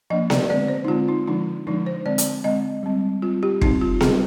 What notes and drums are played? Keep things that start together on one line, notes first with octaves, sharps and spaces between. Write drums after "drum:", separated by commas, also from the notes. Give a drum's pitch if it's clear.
F3 A#3 D4 D#5
D5, drum: snare B3
D3 G#3 C4 D5
C5
D#4
D3 G#3 C4 F4
D#4
D3 F3 G#3 D4 D#4
D3 F3 G#3 D4 D#4
C5
D3 G#3 C4 D5
drum: hi-hat
D3 G#3 C4 D#5
G3 C4
G3 C4 F4
G4
G3 C4 D#4, drum: kick
F4
G3 C4 G#4, drum: snare B3